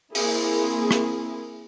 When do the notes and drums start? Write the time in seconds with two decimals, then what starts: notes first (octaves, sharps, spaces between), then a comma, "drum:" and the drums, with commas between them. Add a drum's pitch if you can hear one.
0.15 A#3 C4 E4 G#4, drum: open hi-hat
0.91 drum: rim click